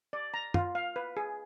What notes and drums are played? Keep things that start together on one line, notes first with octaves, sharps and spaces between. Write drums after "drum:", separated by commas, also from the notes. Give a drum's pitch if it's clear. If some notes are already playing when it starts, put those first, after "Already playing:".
D5
A#5
F4, drum: tom
F5
B4
G#4